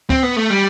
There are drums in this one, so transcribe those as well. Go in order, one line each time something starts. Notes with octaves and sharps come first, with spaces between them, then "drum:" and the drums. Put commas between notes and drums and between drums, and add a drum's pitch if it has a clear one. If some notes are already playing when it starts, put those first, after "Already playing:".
C4, drum: kick C#2
B3
A3
G3